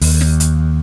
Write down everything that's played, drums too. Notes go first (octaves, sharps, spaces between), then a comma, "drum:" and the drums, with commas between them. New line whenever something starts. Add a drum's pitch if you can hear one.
D#2, drum: open hi-hat
drum: snare
drum: hi-hat